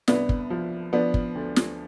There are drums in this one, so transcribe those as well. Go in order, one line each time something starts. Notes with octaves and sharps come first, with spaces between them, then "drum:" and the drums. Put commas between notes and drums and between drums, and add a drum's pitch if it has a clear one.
C2 B3 D4, drum: snare
drum: kick
F3
F3 B3 D4
drum: kick
D2
drum: snare